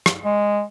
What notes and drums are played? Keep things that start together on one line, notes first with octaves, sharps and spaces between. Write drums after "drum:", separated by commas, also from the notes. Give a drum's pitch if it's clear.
drum: rim click
G#3